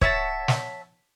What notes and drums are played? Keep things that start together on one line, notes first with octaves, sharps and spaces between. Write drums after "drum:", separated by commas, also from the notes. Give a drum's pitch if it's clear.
C#5 E5 F#5 A5, drum: kick
drum: snare